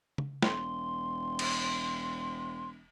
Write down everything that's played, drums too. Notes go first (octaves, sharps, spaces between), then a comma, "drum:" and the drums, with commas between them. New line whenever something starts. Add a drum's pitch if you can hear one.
drum: tom
E1 C6, drum: snare
drum: cymbal